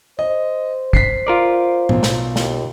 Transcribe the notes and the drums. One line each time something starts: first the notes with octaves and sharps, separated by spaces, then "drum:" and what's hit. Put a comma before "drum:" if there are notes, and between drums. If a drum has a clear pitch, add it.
C5 D#5
B6 C7, drum: kick
F4 A#4 D5
B1, drum: tom A2
drum: snare
D#2, drum: snare